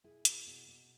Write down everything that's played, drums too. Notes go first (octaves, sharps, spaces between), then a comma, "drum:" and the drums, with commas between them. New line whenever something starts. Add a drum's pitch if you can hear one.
B2 E4 G#4
B2, drum: hi-hat
B2
B2